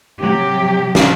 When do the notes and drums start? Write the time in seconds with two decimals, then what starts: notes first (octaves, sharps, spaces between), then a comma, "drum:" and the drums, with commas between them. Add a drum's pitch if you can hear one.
0.22 C3 F#3 G4
0.95 drum: snare